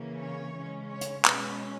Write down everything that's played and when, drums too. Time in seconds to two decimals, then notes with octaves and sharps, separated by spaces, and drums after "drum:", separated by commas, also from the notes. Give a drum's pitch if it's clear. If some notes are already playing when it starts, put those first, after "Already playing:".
Already playing: C#3 E3 A#3 C#4
0.19 C#5
0.54 C#3 G#3 C#4
0.90 C#5
1.01 drum: hi-hat
1.25 B2 G#3 C#4 B4, drum: clap